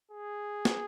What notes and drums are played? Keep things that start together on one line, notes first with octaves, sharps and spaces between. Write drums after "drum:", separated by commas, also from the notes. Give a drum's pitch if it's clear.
G#4
drum: snare